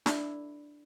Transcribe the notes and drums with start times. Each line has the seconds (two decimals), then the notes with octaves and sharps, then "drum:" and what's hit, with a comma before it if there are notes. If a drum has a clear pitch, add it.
0.06 D4 E4, drum: snare